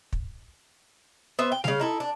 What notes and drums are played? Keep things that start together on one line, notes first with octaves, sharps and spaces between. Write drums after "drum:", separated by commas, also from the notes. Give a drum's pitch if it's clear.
drum: kick
B3 C5 E5
G5
C#3 F5, drum: snare
D#4 E4 A4
D4